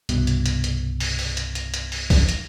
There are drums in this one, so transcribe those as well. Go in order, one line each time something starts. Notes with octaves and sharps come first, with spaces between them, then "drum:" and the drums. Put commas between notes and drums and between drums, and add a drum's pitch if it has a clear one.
C2 G2 B2, drum: hi-hat
drum: hi-hat
drum: hi-hat
drum: hi-hat
drum: open hi-hat
drum: open hi-hat
drum: hi-hat
drum: hi-hat
drum: hi-hat
drum: open hi-hat
drum: kick, open hi-hat
drum: hi-hat